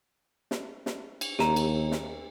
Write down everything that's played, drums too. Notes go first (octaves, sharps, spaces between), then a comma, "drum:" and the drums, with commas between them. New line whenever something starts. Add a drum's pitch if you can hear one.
drum: snare
drum: snare
drum: cymbal
D#2 G4 A#5, drum: snare
drum: cymbal
drum: snare